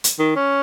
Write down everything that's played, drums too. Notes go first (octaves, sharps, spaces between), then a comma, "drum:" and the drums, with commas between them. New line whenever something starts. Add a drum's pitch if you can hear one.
drum: hi-hat
D#3
C#4